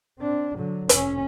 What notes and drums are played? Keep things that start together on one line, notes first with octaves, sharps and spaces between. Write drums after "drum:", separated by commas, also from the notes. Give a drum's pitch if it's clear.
C4 D4
D3 F#3
F1 F2 C#4, drum: hi-hat